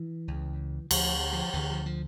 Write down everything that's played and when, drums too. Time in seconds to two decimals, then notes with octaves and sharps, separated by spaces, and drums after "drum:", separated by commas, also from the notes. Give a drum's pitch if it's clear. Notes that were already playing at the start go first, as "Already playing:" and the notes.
Already playing: E3
0.28 C#2 C#3
0.91 D2 D3 F3, drum: cymbal
1.33 F3
1.53 D2 D3 E3
1.70 F3
1.86 F3